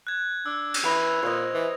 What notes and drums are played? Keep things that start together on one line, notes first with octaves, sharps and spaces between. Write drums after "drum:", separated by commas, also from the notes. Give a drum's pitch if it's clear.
F#6 G#6
D4 E6
drum: cymbal
E3 B5 A#6 F7
A#2 C5 D#5
E3